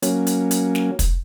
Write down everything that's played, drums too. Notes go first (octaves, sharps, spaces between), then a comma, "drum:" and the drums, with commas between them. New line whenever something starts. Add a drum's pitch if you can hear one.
F#3 A#3 C#4, drum: hi-hat
drum: hi-hat
drum: hi-hat
drum: snare
drum: kick, hi-hat